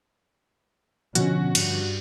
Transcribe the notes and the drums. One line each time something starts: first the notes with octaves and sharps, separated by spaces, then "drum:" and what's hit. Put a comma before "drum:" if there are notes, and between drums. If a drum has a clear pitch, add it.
B2 D3 F3 C#4 F#4, drum: hi-hat
G2, drum: cymbal